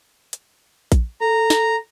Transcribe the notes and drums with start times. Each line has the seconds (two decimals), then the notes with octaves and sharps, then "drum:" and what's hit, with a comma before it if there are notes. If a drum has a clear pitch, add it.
0.33 drum: hi-hat
0.92 drum: kick A#1, hi-hat
1.21 A4 A#5
1.50 drum: snare